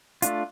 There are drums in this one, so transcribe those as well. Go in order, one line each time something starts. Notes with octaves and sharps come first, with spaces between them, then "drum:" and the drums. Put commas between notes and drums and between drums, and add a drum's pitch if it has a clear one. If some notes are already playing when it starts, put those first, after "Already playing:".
A3 D4 F4, drum: hi-hat